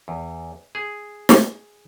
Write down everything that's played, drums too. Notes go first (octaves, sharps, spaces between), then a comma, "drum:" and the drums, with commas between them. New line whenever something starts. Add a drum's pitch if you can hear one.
E2
G#4
drum: snare